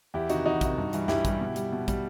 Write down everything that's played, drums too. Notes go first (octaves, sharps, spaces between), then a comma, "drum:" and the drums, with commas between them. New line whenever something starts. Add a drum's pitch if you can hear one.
E2 E4 G4
C3 D#3 D#4 F#4, drum: hi-hat
E2 D#4 F#4
C3 D#3, drum: kick, hi-hat
G2
E3 G3, drum: hi-hat
G2 E4 G4, drum: snare
E3 G3, drum: kick, hi-hat
B2
G3, drum: hi-hat
B2
G3, drum: kick, hi-hat